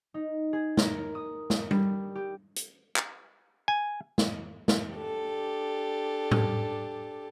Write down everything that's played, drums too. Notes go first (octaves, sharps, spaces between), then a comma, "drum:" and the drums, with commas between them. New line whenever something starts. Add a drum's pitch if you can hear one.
D#4
G#4
A#4, drum: snare
D#6
drum: snare
G3, drum: tom G3
G4
drum: hi-hat
drum: clap
G#5
drum: snare
drum: snare
D4 G4 A4
drum: tom A2